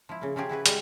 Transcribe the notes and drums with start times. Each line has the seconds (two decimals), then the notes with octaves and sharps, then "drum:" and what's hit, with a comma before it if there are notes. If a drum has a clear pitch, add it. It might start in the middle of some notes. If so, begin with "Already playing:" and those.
0.09 F3 E4
0.21 C#3 A#3
0.36 C#3 F3 F#3 G4 G#4
0.49 E4 F#4 G#4 B4
0.66 G3 G#3, drum: hi-hat